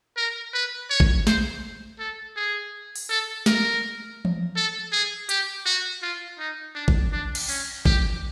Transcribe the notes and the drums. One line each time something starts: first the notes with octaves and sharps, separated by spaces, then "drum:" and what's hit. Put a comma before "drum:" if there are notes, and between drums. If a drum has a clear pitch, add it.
A#4
B4
C#5
drum: kick
C5, drum: snare
A4
G#4
drum: open hi-hat
A4
A#4, drum: snare
drum: tom E3
A4
G#4
G4, drum: hi-hat
F#4
F4
D#4
D4
drum: kick
D4
drum: cymbal
C#4, drum: open hi-hat
G4, drum: kick